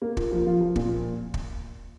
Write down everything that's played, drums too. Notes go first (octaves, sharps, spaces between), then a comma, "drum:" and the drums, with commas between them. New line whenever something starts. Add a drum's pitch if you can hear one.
A#3
F4, drum: kick
F3
F4
F3
A#2, drum: kick
drum: kick